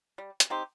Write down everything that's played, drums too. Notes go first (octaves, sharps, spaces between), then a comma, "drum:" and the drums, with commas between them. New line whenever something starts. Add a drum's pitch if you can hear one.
G3
drum: hi-hat
C4 D#4 G4